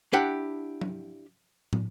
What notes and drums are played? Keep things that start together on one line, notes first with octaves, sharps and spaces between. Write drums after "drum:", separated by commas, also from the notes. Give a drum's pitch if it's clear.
D4 E4 G4 F#5
drum: tom F#3
drum: tom